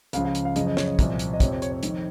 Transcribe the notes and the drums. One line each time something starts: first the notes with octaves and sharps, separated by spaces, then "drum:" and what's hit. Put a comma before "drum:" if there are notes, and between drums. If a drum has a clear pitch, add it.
C#2 C#3 F3 F5, drum: hi-hat
F5
drum: hi-hat
F5
F#2 C#3 F3 D#5, drum: hi-hat
D#5
C#5, drum: snare
D#5
C2 A#2 F3, drum: kick, hi-hat
drum: hi-hat
D#5
F2 C3 F3 C#5, drum: kick, hi-hat
C5
C#5, drum: hi-hat
C#5
F2 D#3, drum: hi-hat